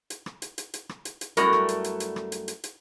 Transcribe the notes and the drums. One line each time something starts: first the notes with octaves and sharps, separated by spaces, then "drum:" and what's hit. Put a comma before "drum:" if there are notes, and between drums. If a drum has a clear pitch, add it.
drum: hi-hat
drum: rim click
drum: hi-hat
drum: hi-hat
drum: hi-hat
drum: rim click
drum: hi-hat
drum: hi-hat
F#2 G3 A3 E4 F#4 A#4, drum: hi-hat
drum: rim click
drum: hi-hat
drum: hi-hat
drum: hi-hat
drum: rim click
drum: hi-hat
drum: hi-hat
drum: hi-hat